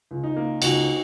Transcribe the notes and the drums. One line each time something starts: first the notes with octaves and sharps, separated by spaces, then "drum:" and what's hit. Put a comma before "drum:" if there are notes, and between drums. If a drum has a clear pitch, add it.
C#2
D#4
A#3
C#2 D#4 F#4, drum: cymbal